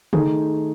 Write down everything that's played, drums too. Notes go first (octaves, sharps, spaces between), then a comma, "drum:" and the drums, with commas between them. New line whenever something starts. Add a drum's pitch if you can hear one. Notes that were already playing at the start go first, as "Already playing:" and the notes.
D#3 A3 D#4 G#4, drum: tom C#3